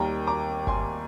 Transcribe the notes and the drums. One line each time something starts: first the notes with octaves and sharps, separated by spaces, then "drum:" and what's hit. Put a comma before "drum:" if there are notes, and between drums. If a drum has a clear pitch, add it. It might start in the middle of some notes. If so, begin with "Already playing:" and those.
Already playing: D#2 D#3 G3 G5 A#5
A#5 D6
G#5 C6, drum: kick G1